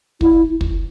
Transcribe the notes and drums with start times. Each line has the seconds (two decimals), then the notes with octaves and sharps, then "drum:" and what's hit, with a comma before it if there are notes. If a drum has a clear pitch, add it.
0.21 E4, drum: kick
0.61 drum: kick